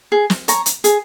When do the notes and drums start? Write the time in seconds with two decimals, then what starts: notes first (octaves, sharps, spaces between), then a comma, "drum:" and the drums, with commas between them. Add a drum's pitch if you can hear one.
0.12 G#4
0.30 drum: snare
0.48 C#5 A#5, drum: hi-hat
0.66 drum: hi-hat
0.84 G#4, drum: hi-hat